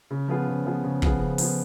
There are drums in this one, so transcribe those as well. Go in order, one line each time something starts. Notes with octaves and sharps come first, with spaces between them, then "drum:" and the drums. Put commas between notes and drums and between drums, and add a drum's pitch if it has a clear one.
C#3
F3 B3 F4 G#4
C#3
F3 B3 F4 G#4
C#3
F3 B3 F4 G#4, drum: kick
C#3
F3 B3 F4 G#4, drum: open hi-hat